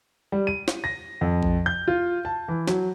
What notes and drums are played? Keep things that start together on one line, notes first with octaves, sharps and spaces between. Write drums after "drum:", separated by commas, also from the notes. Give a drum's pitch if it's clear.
G3
D#7
drum: snare
A#6
F2
drum: kick A#1
G6
F4
A5
E3
F#3, drum: snare